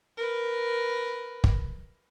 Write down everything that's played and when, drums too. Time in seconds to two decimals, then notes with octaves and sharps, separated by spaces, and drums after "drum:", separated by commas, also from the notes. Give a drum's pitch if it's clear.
0.17 A#4 B4
1.44 drum: kick